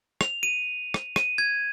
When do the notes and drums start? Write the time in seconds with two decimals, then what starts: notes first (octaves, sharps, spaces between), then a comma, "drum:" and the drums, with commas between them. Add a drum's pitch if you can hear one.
0.21 F7, drum: rim click
0.43 D#7
0.94 drum: rim click
1.16 D#7, drum: rim click
1.38 G#6